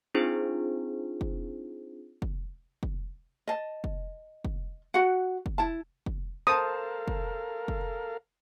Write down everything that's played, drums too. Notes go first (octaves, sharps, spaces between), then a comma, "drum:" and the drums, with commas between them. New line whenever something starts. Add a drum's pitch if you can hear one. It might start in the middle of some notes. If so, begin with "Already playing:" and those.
C4 D4 D#4 F4 G#4 C5
drum: kick
drum: kick
drum: kick
D#5 A5
drum: kick
drum: kick
F#4 F#5
drum: kick
E4 A5
drum: kick
A4 A#4 C5 F5 A5 D#6
drum: kick
drum: kick